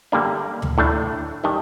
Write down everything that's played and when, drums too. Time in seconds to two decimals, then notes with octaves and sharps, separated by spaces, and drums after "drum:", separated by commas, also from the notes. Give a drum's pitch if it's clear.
0.12 D3 G3 A#3 D4
0.62 drum: tom D2
0.78 A2 A3 D4
1.44 D#3 G3 D4